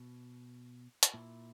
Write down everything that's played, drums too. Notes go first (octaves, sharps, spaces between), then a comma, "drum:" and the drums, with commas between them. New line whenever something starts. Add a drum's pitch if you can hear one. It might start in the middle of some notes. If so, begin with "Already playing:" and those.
Already playing: B2
drum: hi-hat
A#2 E4